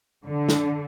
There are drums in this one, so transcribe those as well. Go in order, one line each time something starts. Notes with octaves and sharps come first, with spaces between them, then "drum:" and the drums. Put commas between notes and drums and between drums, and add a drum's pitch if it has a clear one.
D3
drum: snare